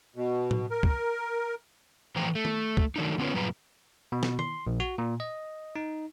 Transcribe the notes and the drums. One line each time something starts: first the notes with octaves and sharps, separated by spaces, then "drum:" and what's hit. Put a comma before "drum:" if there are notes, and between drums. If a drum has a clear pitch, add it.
B2
drum: tom A2
A#4
drum: kick
A2 E3 F3 C5 G5 A#5
A3
drum: tom D#3
drum: kick
D#3 F#3 A3 D4 D#4
D3 B3 C#4 F4 B4 C#5
G2 A#2 F#3 F4 B4 A#5
B2
drum: snare
C6, drum: tom D#3
A#1
F#4
A#2
D#5
D#4